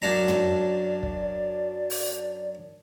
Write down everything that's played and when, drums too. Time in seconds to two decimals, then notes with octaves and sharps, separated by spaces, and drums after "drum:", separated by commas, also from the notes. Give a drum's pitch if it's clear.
0.02 F#2 D4 D5 A#5
0.28 drum: tom
1.03 drum: kick
1.90 drum: open hi-hat